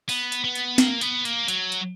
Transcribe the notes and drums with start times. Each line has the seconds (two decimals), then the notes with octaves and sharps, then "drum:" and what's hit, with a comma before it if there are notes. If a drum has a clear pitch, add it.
0.09 B3, drum: open hi-hat
0.32 drum: hi-hat
0.44 B3
0.55 drum: hi-hat
0.78 A#3, drum: snare
1.01 B3, drum: hi-hat
1.25 A#3, drum: hi-hat
1.48 F#3, drum: hi-hat
1.72 drum: hi-hat